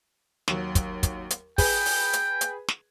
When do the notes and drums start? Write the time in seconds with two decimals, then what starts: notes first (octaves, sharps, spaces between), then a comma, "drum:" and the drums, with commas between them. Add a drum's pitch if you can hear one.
0.48 D#2 F#3, drum: snare
0.75 drum: kick, hi-hat
1.03 drum: kick, hi-hat
1.30 drum: hi-hat
1.58 G#4 B4 G5, drum: kick, open hi-hat
1.86 drum: open hi-hat
2.13 drum: hi-hat
2.41 drum: hi-hat
2.68 drum: snare